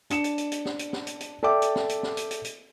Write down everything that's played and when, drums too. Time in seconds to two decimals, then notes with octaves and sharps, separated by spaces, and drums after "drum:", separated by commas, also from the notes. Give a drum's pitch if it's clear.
0.10 D4 C#7 E7, drum: hi-hat
0.24 drum: hi-hat
0.38 drum: hi-hat
0.52 drum: hi-hat
0.65 drum: snare
0.79 drum: hi-hat
0.93 drum: snare
1.07 drum: hi-hat
1.20 drum: hi-hat
1.43 A4 D5 E5 G5 D6
1.62 drum: hi-hat
1.76 drum: snare
1.89 drum: hi-hat
2.03 drum: snare
2.17 drum: hi-hat
2.31 drum: hi-hat
2.44 drum: hi-hat